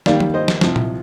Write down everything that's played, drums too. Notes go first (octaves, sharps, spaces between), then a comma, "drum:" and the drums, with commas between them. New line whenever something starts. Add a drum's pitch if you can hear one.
D#2 D#3 G3 A#3 D5 F5, drum: snare
drum: tom F3
C5 D#5
drum: snare
C2 C3 F3, drum: snare
drum: tom A#2